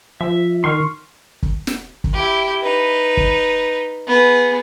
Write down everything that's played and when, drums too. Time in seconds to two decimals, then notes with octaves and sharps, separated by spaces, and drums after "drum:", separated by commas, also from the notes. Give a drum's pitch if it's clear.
0.21 F3 E5
0.64 D#3 C6 C#6 F6
1.43 drum: kick
1.67 drum: snare
2.04 drum: kick
2.13 E4 G4
2.62 D#4 B4
3.17 drum: kick
4.07 B3 G#4